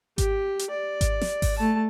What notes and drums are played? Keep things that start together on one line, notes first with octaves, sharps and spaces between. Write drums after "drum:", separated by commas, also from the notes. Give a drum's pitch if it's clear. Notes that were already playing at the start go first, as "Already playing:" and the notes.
G4, drum: kick G#1, hi-hat
drum: hi-hat
D5
drum: kick G#1, hi-hat
drum: snare
drum: kick G#1, open hi-hat
A3 A5